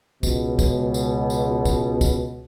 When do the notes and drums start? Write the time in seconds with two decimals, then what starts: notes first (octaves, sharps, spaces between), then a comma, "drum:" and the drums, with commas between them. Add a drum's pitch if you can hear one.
0.23 C#2 B2, drum: kick, tambourine
0.59 drum: kick, tambourine
0.94 drum: tambourine
1.30 drum: tambourine
1.65 drum: kick, tambourine
2.01 drum: kick, tambourine